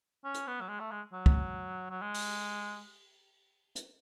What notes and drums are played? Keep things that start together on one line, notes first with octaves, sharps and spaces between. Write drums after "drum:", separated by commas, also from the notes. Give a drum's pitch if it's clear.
C#4
drum: hi-hat
B3
F#3
G#3
A3
G#3
F#3
drum: kick
F#3
G#3
drum: open hi-hat
drum: hi-hat